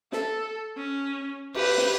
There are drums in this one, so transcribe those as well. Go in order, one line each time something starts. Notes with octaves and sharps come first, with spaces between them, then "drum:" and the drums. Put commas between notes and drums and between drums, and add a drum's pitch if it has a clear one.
A4, drum: snare
C#4
G4 B4, drum: cymbal
drum: snare